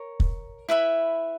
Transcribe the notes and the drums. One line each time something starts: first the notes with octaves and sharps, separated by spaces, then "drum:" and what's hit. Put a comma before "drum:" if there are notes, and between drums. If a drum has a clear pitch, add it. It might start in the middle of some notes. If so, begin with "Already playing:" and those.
Already playing: A#4 C#5
drum: kick
E4 B4 E5 B5